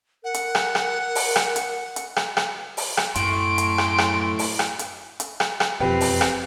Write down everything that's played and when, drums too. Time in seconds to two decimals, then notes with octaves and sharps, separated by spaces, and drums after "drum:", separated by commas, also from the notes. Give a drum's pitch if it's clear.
0.24 A#4 F#5
0.34 drum: hi-hat
0.55 drum: rim click
0.75 drum: rim click
1.15 drum: open hi-hat
1.36 drum: rim click
1.56 drum: hi-hat
1.96 drum: hi-hat
2.16 drum: rim click
2.37 drum: rim click
2.77 drum: open hi-hat
2.97 drum: rim click
3.15 F#2 A2 C6 D7, drum: hi-hat
3.58 drum: hi-hat
3.78 drum: rim click
3.98 drum: rim click
4.39 drum: open hi-hat
4.59 drum: rim click
4.79 drum: hi-hat
5.20 drum: hi-hat
5.40 drum: rim click
5.60 drum: rim click
5.80 E1 F2 F3 C4 G4 B4
6.01 drum: open hi-hat
6.21 drum: rim click